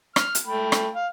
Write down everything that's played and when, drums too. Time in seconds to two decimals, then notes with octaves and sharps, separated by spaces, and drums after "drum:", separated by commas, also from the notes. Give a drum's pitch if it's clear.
0.16 F6, drum: rim click
0.35 drum: hi-hat
0.47 A3 G5 B5
0.72 drum: rim click
0.95 F5